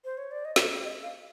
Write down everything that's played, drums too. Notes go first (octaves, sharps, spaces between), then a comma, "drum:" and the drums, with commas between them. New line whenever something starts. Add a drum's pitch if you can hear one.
C5
C#5
D5
D#5
drum: snare
D#5
F5